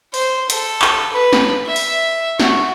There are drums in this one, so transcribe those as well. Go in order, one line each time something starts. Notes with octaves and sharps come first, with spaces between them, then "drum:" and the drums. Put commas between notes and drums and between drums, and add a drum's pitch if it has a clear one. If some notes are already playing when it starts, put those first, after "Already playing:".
C5, drum: open hi-hat
A4, drum: hi-hat
drum: clap
B4
drum: snare
E5
drum: open hi-hat
F#4, drum: snare